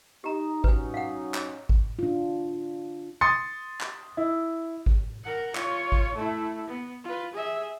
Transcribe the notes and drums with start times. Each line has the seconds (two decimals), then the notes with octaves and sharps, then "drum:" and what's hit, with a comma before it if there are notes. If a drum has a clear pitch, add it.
0.24 D#4 G4 A#5
0.64 F#3 C#4 D#4 B4 G#5, drum: kick G#1
0.94 F5 F#5
1.34 drum: clap
1.69 drum: kick G#1
1.99 D4 F4
3.21 C6 D#6 A6 C#7
3.81 drum: clap
4.17 E4
4.86 drum: kick G#1
5.24 A#4 F#5
5.55 F4 C#5, drum: clap
5.92 drum: kick G#1
6.15 A3 E4
6.67 B3
7.04 F4 B4
7.33 G#4 E5